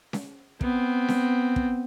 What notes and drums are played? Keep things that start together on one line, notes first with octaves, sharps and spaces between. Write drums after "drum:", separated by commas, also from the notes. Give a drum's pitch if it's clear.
drum: snare C#4
B3 C4, drum: kick
drum: snare C#4
drum: kick